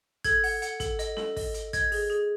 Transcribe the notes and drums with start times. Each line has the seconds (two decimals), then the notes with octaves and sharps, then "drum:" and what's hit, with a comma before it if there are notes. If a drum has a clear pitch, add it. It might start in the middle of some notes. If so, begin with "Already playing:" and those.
0.24 A4 G#6, drum: kick, hi-hat
0.44 F#5, drum: open hi-hat
0.62 F#5, drum: hi-hat
0.80 A4, drum: kick, hi-hat
0.99 D#5, drum: hi-hat
1.17 A4, drum: snare
1.37 D#5, drum: kick, open hi-hat
1.54 A4, drum: hi-hat
1.73 D#5 G#6, drum: kick, hi-hat
1.92 G#4, drum: open hi-hat
2.10 G#4